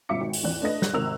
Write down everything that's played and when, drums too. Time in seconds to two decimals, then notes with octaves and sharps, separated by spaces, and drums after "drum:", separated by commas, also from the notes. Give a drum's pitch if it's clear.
0.09 G1 B2 E5 D6 C#7
0.21 G#1
0.33 drum: open hi-hat
0.44 A1 E2 D5 F#6
0.62 A3 D4 B4 D#5 A#6
0.82 F#6, drum: snare
0.94 G#1 C3 A#4 E6 F#6 F7